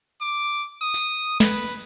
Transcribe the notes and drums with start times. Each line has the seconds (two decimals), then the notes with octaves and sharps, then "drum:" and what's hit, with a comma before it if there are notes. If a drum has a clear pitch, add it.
0.22 D6
0.82 D#6
0.94 drum: tambourine
1.40 B4, drum: snare